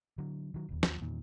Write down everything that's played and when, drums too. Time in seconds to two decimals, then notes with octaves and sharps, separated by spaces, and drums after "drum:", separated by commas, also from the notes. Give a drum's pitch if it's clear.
0.18 D3 F#3
0.54 D#3 F#3
0.69 E1 D#2
0.83 D#2 F3, drum: snare
1.01 E2 A#2 D#3